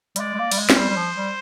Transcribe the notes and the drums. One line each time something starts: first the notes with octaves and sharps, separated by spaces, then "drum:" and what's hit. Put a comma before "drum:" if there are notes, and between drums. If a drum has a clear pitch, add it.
G3, drum: hi-hat
G#3 D5
G#3
A#3
G3, drum: cymbal
G#3
G#3, drum: snare
G3 C5
G3
F3
G3